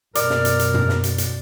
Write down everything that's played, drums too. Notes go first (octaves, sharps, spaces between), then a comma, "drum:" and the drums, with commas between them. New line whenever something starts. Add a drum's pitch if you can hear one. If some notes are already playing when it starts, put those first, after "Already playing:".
F#2 B2 A#4 D5, drum: hi-hat
drum: snare
drum: hi-hat
drum: hi-hat
drum: tom
drum: snare
drum: hi-hat
drum: hi-hat